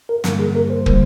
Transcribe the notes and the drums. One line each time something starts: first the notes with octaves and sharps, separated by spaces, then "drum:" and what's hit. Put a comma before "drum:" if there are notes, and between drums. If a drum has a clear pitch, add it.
A#4
G2 D3 G3 A#3, drum: snare
G#4
A#4
C5
D3 G3 A#3, drum: kick